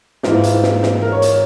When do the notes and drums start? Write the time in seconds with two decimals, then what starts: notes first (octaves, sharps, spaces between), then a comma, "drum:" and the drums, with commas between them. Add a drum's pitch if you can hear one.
0.23 G#2 E3 F4, drum: snare
0.43 drum: hi-hat
0.63 drum: snare
0.83 drum: snare
1.02 A#4
1.12 C#5
1.22 drum: hi-hat